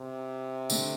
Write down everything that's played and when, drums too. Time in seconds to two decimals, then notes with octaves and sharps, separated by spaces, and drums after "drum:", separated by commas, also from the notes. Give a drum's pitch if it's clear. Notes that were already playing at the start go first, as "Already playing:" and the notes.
Already playing: C3
0.70 D3 A3 D4, drum: tambourine